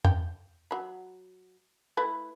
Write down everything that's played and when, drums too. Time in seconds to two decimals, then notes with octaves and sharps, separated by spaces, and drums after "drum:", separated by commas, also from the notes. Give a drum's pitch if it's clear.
0.05 G5, drum: tom E2
0.71 F#3 B5
1.97 A3 E4 B4